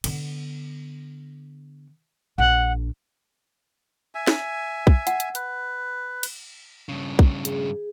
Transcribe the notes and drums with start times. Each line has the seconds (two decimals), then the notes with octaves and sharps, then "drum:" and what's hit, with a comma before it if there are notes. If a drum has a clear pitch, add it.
0.04 D3 B3, drum: cymbal
2.38 A#1 D4 F#5
4.15 E5 G#5
4.27 drum: snare
4.87 drum: kick
5.07 F#5, drum: hi-hat
5.20 drum: hi-hat
5.35 B4, drum: hi-hat
6.23 drum: cymbal
6.89 G2 C#3
7.19 drum: kick
7.45 G#4, drum: hi-hat